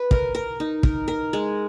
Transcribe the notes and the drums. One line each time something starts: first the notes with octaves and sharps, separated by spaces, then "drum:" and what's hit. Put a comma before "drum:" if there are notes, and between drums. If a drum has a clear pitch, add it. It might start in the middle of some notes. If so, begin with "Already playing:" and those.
Already playing: B4
A#4, drum: kick
A#4
D#4
A#4, drum: kick
A#4
G#3